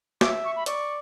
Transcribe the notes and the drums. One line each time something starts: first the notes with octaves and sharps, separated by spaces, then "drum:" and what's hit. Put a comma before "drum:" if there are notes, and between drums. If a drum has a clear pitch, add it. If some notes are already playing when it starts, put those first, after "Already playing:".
E5 D6, drum: snare
C#6
B5
D5 C#6, drum: hi-hat